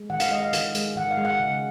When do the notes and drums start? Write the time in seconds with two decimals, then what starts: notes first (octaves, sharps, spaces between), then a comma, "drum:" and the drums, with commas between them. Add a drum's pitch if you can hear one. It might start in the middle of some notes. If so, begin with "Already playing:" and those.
Already playing: G#3
0.10 D#3 F#5
0.20 F5, drum: hi-hat
0.31 G#3 D#5
0.43 F5
0.53 D#3, drum: hi-hat
0.75 G#3, drum: hi-hat
0.96 D#3 F#5
1.11 F5
1.17 G#3
1.25 F#5
1.40 C#3